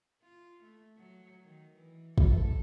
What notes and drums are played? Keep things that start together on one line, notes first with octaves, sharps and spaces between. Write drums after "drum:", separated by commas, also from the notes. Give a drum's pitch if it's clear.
F4
A3
F#3
D#3
E3
A4, drum: kick